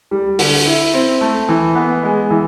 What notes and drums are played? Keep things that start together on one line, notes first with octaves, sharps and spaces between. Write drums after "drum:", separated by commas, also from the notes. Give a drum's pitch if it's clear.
G3
D3, drum: open hi-hat
E4
C4
A3
E3
B3
G#3
E3